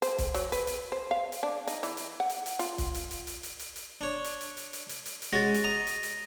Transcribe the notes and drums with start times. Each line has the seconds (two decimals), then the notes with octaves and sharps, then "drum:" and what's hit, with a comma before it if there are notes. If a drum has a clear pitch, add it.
0.02 C5, drum: hi-hat
0.18 drum: kick, hi-hat
0.34 F#3, drum: hi-hat
0.52 B4, drum: hi-hat
0.67 drum: hi-hat
0.92 C5
1.11 F5
1.32 drum: hi-hat
1.43 D4
1.67 D#4, drum: hi-hat
1.83 E3, drum: hi-hat
1.97 drum: hi-hat
2.20 F#5
2.30 drum: hi-hat
2.46 drum: hi-hat
2.59 F4, drum: hi-hat
2.78 drum: kick, hi-hat
2.94 drum: hi-hat
3.11 drum: hi-hat
3.27 drum: hi-hat
3.43 drum: hi-hat
3.59 drum: hi-hat
3.76 drum: hi-hat
4.01 D4 C#5
4.24 drum: hi-hat
4.41 drum: hi-hat
4.57 drum: hi-hat
4.73 drum: hi-hat
4.89 drum: hi-hat
5.06 drum: hi-hat
5.22 drum: hi-hat
5.33 G#3 C#4 F#4 A6 A#6
5.54 drum: hi-hat
5.64 D#5 A#5
5.87 drum: hi-hat
6.03 drum: hi-hat